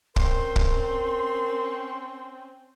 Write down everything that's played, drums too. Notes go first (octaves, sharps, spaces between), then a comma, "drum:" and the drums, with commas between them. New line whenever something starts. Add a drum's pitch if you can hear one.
C4 C#4 A#4 C6, drum: kick
drum: kick